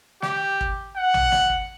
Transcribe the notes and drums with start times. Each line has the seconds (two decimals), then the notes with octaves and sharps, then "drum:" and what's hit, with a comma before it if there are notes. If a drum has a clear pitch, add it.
0.22 G4, drum: snare
0.61 drum: kick
0.96 F#5
1.14 drum: tom A#1
1.32 drum: snare
1.50 drum: kick